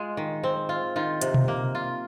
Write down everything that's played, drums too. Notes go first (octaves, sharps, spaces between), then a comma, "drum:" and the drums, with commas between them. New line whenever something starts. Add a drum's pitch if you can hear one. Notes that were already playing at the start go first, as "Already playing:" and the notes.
Already playing: G#3 F4 G#4
D#3
C4
F4
D#3 F4
C3, drum: hi-hat
drum: tom B2
A#3
F4